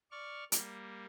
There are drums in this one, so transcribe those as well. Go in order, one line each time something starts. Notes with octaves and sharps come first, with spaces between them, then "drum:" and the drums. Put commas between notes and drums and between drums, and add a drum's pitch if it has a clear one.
D5 C#6 F6
G3 A#3, drum: hi-hat